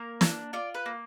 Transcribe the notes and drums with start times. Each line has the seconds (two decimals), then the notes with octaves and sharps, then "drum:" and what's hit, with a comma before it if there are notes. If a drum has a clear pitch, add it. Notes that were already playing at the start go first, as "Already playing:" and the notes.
Already playing: A#3 A#4
0.21 D4, drum: snare
0.53 F4 D5
0.74 B4
0.86 A#3